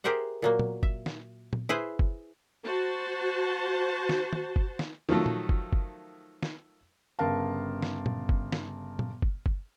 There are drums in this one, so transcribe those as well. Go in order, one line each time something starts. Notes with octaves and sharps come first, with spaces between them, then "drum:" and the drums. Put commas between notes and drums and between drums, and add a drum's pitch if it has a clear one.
G4 G#4 A#4 C5 E5 F#5
A#2 F#3 A#3
drum: tom A#2
E5, drum: kick F#1
drum: snare
drum: tom A#2
E4 G#4 B4 C5
drum: kick F#1
F#4 C5 A5
drum: snare
drum: tom
drum: kick F#1
drum: snare
D#3 F3 F#3 A3
drum: tom A#2
drum: kick F#1
drum: kick F#1
drum: snare
G1 C#3 A#4 F5 A5
drum: snare
drum: tom A#2
drum: kick F#1
drum: snare
drum: tom A#2
drum: kick F#1
drum: kick F#1